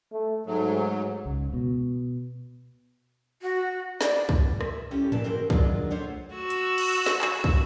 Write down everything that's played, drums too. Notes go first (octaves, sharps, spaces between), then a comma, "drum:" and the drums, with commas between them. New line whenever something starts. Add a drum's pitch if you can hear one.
A3
G#2 F#3 A3
C#2
B2
F#4
D5, drum: snare
drum: kick
E5, drum: rim click
G3 C#4 E4 F4 G4 A4
G2 E3 A#3 B4 A5, drum: tom A2
E3 C4 F#4 G#4 A#4 C5
D#3 F#3 G#3 D4 F4, drum: kick
A3 F4 C5 C#5 F#5
F#4 E6
drum: hi-hat
drum: cymbal
drum: snare
drum: clap
drum: kick